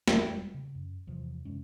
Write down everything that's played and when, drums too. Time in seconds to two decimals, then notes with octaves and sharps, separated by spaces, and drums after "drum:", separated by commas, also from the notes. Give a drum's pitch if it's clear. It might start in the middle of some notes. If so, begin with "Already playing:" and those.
0.08 F#1 F2 E3, drum: snare
0.30 E1 G3 G#3
0.54 C#3
0.75 F#2
1.07 E2 C3 E3 F3
1.45 F#2 C3 G#3 C#4